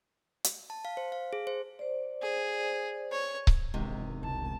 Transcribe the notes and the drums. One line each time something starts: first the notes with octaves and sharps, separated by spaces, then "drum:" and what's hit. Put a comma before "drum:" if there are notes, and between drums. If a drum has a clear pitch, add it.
drum: hi-hat
A5
F5
C5
F5
G#4
C5
C5 D5
G#4
C#5
drum: kick C#1
E1 G#2 C3 D#3
C2 A5